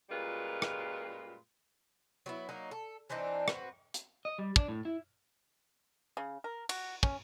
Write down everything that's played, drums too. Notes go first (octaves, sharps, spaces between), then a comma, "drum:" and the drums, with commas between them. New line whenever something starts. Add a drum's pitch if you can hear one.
F#2 A#2 G3 G#3 F4 B4
drum: rim click
F#3 B3 E4
F#3 A#3 D#4
A4
E3 C4 D4 D#4
C4 F#4 B4, drum: rim click
drum: hi-hat
D#5
G3
D4, drum: kick
A2
E4
C#3
A#4
F#4, drum: cymbal
C#4, drum: kick